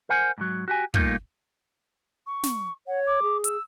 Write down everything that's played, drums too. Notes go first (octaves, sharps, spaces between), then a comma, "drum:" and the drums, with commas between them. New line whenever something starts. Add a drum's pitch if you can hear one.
A#4 C5 F#5 G#5
G#2 F#3
F#4 G4 G#5
A#2 G3 A3 A#3 D#4 F4, drum: kick
C#6
drum: snare
C#5 F#5
D6
G#4
E6, drum: hi-hat